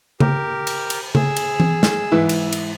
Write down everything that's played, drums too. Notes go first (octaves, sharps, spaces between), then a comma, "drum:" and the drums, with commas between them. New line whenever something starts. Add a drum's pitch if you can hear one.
G4 A#4, drum: tom C#3
drum: cymbal
drum: cymbal
G#4 E6, drum: tom C#3
drum: cymbal
drum: tom E3
drum: snare
G#2 E3 E4
drum: cymbal
drum: cymbal